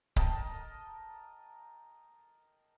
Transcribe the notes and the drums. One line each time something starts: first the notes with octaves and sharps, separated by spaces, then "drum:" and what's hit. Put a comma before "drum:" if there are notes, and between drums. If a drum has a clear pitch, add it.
A#4 D#5 G5 A5, drum: kick C#1